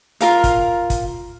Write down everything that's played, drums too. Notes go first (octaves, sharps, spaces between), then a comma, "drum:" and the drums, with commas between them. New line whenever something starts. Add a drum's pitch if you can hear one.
F4 A#4 F5, drum: hi-hat
drum: kick, hi-hat
drum: kick, hi-hat